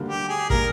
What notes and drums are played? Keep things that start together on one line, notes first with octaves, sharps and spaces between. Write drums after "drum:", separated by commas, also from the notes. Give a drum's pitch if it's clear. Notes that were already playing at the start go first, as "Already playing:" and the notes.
Already playing: D2 D3 G3 A#3
G4
G#4
G3 A#3 A#4, drum: kick